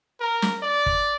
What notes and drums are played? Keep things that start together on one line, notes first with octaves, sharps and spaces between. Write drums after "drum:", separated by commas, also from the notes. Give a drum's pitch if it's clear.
A#4
drum: snare
D5
drum: kick G1